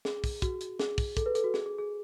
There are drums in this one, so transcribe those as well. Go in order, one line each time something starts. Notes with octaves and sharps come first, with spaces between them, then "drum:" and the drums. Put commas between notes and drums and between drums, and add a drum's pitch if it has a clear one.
G#4, drum: snare
drum: kick, open hi-hat
F#4, drum: kick, hi-hat
drum: hi-hat
G#4, drum: snare
drum: kick, open hi-hat
A4, drum: kick, hi-hat
B4
A4, drum: hi-hat
F#4
G#4, drum: snare
G#4
G#4